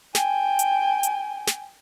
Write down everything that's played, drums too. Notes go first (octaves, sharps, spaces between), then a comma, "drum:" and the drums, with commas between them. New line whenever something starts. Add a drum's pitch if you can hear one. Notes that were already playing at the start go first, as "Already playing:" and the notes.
G5 G#5, drum: snare
drum: hi-hat
drum: hi-hat
drum: snare